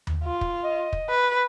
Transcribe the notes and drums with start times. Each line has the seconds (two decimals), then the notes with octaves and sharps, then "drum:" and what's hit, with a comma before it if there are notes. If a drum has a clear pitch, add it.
0.07 drum: tom D#2
0.24 F4
0.41 drum: kick
0.64 D#5
0.93 drum: kick
1.10 B4